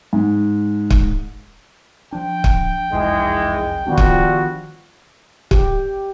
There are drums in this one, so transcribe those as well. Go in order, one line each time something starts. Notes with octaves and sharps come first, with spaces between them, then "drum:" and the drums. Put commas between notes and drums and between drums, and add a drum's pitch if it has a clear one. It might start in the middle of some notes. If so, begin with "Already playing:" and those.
G#2
drum: kick
F3 D4 G5
drum: kick
F#1 C2 F2 G#2 E3 G#3
D#3 F3 G3 B3 D4 F#4
drum: kick
G4, drum: kick